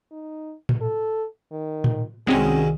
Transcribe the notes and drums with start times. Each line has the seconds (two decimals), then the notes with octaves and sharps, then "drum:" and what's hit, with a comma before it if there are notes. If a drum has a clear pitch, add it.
0.11 D#4
0.69 drum: tom A2
0.81 A4
1.52 D#3
1.84 drum: tom A2
2.27 C2 D#3 G#3 C4 C#4 F#4 G#4